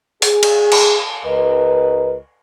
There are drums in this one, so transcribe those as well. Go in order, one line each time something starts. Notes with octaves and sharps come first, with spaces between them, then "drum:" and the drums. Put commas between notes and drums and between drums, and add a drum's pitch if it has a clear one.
G#4, drum: open hi-hat
drum: cymbal
drum: cymbal
C#2 A#4 B4 D#5